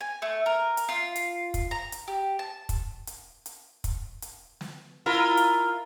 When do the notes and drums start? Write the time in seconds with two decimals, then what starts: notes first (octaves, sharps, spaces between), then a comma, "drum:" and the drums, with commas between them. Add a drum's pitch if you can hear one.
0.01 G#5
0.22 A3
0.46 A#4
0.77 drum: hi-hat
0.89 F4
1.16 drum: hi-hat
1.54 drum: kick, hi-hat
1.71 A#5
1.92 drum: hi-hat
2.08 G4
2.39 A5
2.69 drum: kick, hi-hat
3.07 drum: hi-hat
3.46 drum: hi-hat
3.84 drum: kick, hi-hat
4.22 drum: hi-hat
4.61 drum: snare
5.06 E4 F4 A#4
5.37 drum: hi-hat